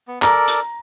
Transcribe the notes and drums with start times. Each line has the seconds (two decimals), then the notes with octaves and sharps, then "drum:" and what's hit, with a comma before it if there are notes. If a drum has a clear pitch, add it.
0.08 B3
0.22 A4 A#4 D5 A#5, drum: clap
0.48 drum: hi-hat